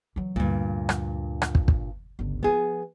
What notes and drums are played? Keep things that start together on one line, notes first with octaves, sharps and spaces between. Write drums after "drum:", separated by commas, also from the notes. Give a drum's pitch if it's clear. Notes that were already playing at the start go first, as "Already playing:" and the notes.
E3 F#3
D2 G2 A#2
drum: rim click
drum: rim click
drum: kick
drum: kick
G1 C#2
F3 B3 F4 G#4